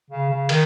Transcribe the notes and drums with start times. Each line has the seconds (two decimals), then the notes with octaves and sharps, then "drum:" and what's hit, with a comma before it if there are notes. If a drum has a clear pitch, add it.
0.10 C#3
0.29 C#3
0.49 D#3, drum: cymbal